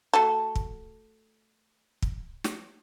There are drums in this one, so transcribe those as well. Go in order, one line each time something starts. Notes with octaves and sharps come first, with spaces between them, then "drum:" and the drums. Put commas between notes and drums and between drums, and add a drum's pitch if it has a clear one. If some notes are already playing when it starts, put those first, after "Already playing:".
A3 F#4 A4
drum: kick
drum: kick
drum: snare